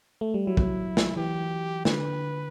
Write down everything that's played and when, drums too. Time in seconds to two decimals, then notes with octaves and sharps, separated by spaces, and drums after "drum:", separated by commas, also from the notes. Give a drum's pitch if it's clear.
0.21 A3
0.34 G3
0.47 F#3 E4
0.57 drum: kick
0.97 drum: snare
1.16 E3 G4
1.85 D3 B4, drum: snare